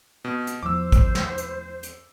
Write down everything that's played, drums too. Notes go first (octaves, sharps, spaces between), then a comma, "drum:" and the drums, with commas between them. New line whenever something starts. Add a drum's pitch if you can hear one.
B2
drum: hi-hat
E2 F3 C5 D6 E6
drum: kick, hi-hat
drum: snare
drum: hi-hat
drum: hi-hat